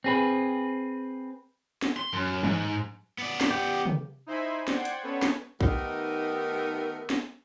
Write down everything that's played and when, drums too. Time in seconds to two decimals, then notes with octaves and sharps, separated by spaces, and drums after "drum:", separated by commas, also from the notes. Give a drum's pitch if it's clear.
0.04 C4 G#4 B4
1.82 drum: snare
1.97 C6
2.13 F#2
2.43 G#2, drum: tom
3.18 B3 D5
3.41 drum: snare
3.51 G4
3.86 drum: tom
4.26 D#4 E4 C5 E5 G#5 B5
4.68 C5 D5 F#5 G5 G#6, drum: snare
4.85 drum: hi-hat
5.03 B3 C#4 A4 B4 C#5
5.22 drum: snare
5.61 D#3 A3 B3 D#4 G4 A#4, drum: kick
7.10 drum: snare